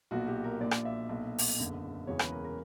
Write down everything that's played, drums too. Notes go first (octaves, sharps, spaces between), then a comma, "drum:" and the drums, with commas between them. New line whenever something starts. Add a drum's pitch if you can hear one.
B1 A#2 F#4
G4
A#4
A#1 A#2 D5
drum: rim click
E5
B1 A#2
drum: open hi-hat
F#1 E2 D3
E1 E2 C#3 E3 C#5
B4, drum: rim click
A#4
A#4